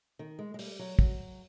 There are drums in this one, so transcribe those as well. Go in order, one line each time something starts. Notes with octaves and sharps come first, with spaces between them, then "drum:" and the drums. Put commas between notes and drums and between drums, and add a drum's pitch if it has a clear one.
D#3
G#3
G#3
G3, drum: open hi-hat
F#3
F#3, drum: kick